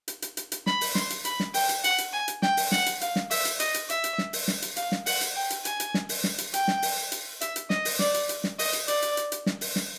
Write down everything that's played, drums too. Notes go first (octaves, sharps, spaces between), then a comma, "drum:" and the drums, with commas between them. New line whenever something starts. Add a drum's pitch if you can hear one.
drum: hi-hat
drum: hi-hat
drum: hi-hat
drum: hi-hat
B5, drum: snare
drum: open hi-hat
C6, drum: snare
drum: hi-hat
B5, drum: hi-hat
drum: snare
G5, drum: open hi-hat
drum: hi-hat
F#5, drum: hi-hat
drum: hi-hat
G#5
drum: hi-hat
G5, drum: snare
drum: open hi-hat
F#5, drum: snare
drum: hi-hat
F5, drum: hi-hat
drum: snare
E5, drum: open hi-hat
drum: hi-hat
D#5, drum: hi-hat
drum: hi-hat
E5, drum: hi-hat
drum: hi-hat
drum: snare
drum: open hi-hat
drum: snare
drum: hi-hat
F5, drum: hi-hat
drum: snare
F#5, drum: open hi-hat
drum: hi-hat
G5
drum: hi-hat
G#5, drum: hi-hat
drum: hi-hat
drum: snare
drum: open hi-hat
drum: snare
drum: hi-hat
G5, drum: hi-hat
drum: snare
drum: open hi-hat
drum: hi-hat
E5, drum: hi-hat
drum: hi-hat
D#5, drum: snare
drum: open hi-hat
D5, drum: snare
drum: hi-hat
drum: hi-hat
drum: snare
D#5, drum: open hi-hat
drum: hi-hat
D5, drum: hi-hat
drum: hi-hat
drum: hi-hat
drum: hi-hat
drum: snare
drum: open hi-hat
drum: snare